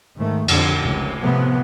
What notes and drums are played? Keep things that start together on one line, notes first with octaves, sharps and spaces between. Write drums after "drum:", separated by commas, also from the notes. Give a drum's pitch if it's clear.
G#2 D#3 A3
F2 A#2 D3, drum: cymbal
F1 C#2
A2 C3 F3 B3